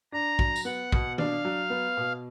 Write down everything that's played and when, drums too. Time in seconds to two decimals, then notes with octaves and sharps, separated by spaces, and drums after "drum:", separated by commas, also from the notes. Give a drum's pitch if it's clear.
0.12 D4 A#5
0.39 F#3, drum: kick
0.56 drum: tambourine
0.65 B3 F#5
0.92 B2, drum: kick
1.18 D4 F5, drum: tom D#3
1.45 F#3
1.70 B3
1.97 B2